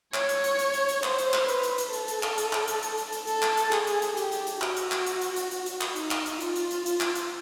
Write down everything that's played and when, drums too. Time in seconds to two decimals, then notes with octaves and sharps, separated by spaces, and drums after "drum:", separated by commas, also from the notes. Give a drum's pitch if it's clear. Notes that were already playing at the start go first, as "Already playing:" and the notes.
0.14 C#5, drum: clap
0.29 drum: hi-hat
0.44 drum: hi-hat
0.59 drum: hi-hat
0.74 drum: hi-hat
0.89 drum: hi-hat
1.03 C5, drum: clap
1.18 drum: hi-hat
1.33 drum: clap
1.48 B4, drum: hi-hat
1.63 drum: hi-hat
1.78 drum: hi-hat
1.93 A4, drum: hi-hat
2.08 drum: hi-hat
2.23 drum: clap
2.38 drum: hi-hat
2.53 drum: clap
2.68 drum: hi-hat
2.83 drum: hi-hat
2.98 drum: hi-hat
3.12 drum: hi-hat
3.27 A4, drum: hi-hat
3.42 drum: clap
3.57 drum: hi-hat
3.72 G#4, drum: clap
3.87 drum: hi-hat
4.02 drum: hi-hat
4.17 G4, drum: hi-hat
4.32 drum: hi-hat
4.47 drum: hi-hat
4.61 F#4, drum: clap
4.77 drum: hi-hat
4.92 drum: clap
5.06 drum: hi-hat
5.21 drum: hi-hat
5.36 drum: hi-hat
5.51 drum: hi-hat
5.66 drum: hi-hat
5.81 drum: clap
5.96 D#4, drum: hi-hat
6.11 drum: clap
6.26 drum: hi-hat
6.40 F4, drum: hi-hat
6.56 drum: hi-hat
6.71 drum: hi-hat
6.86 F4, drum: hi-hat
7.00 drum: clap
7.15 drum: hi-hat